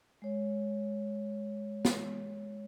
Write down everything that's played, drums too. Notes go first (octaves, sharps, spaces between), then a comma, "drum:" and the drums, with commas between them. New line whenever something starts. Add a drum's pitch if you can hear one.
G#3 C#5
drum: snare